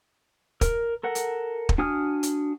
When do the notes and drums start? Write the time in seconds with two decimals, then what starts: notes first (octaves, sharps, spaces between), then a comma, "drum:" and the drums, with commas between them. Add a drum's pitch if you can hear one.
0.61 A#4, drum: kick, hi-hat
1.03 A4 A#4 F#5
1.15 drum: hi-hat
1.69 drum: kick
1.78 D4 F#4 G#5 D#6 F6
2.23 drum: hi-hat